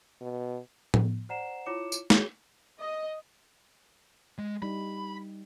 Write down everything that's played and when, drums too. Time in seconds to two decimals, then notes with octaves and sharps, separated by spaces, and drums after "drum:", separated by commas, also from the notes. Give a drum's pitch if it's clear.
0.21 B2
0.94 drum: tom A2
1.29 C5 D5 F#5 A#5 C7 E7
1.66 E4 F4 C#5 D6 C#7 E7
1.92 drum: tambourine
2.10 F#4 G#4 C#5 G7, drum: snare
2.80 D#5
4.38 G#3
4.62 G3 D#4 B5